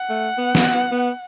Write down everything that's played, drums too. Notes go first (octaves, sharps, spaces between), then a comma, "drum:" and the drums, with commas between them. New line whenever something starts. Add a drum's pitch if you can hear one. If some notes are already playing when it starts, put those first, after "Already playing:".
Already playing: F#5
A3
B3
B3, drum: snare
B3
B3